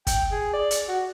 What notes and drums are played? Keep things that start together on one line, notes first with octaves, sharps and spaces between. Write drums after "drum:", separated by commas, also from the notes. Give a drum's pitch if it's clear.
G5, drum: kick, hi-hat
G#4
D5
drum: hi-hat
F#4